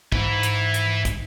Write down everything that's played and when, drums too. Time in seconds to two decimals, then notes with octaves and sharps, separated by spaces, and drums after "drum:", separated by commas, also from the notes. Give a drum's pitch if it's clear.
0.12 G#2 E4 B4, drum: kick
0.43 drum: hi-hat
0.74 drum: hi-hat
1.05 drum: kick, hi-hat